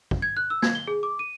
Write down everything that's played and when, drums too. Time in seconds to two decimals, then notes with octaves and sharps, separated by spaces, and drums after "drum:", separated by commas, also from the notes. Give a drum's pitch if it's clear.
0.11 drum: kick
0.22 G#6
0.37 F#6
0.50 E6
0.62 G#6, drum: snare
0.75 G7
0.88 G#4
1.03 D6
1.19 D#7